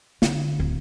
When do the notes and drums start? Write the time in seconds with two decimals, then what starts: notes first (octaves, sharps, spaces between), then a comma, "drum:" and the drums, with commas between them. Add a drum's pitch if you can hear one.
0.22 D3, drum: snare
0.59 D1